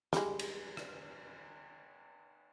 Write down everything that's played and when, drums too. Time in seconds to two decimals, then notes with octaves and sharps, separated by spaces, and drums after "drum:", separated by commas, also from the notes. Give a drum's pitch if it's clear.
0.13 G3 G#3, drum: snare
0.39 drum: cymbal
0.77 drum: rim click